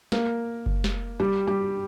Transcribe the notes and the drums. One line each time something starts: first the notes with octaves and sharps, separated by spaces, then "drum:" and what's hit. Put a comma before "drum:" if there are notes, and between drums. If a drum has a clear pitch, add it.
A#3 A#4, drum: snare
drum: kick F#1
drum: snare
G3 G4
G3 G4